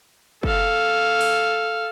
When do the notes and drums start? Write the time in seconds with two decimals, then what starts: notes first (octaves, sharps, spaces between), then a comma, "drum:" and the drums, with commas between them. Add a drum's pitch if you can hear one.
0.43 A4 F5, drum: kick
1.21 drum: open hi-hat